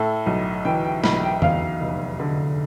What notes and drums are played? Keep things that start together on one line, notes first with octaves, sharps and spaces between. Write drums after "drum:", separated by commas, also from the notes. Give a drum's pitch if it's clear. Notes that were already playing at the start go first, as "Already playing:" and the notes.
Already playing: A2 A4
B1
E3 G5
G5
B1 B5, drum: snare
G5
E2 F5, drum: tom F2
F1
D3